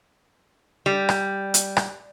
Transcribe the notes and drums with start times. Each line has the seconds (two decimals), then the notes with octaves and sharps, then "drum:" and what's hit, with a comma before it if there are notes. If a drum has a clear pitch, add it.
0.86 G3
1.09 drum: rim click
1.54 drum: hi-hat
1.77 drum: rim click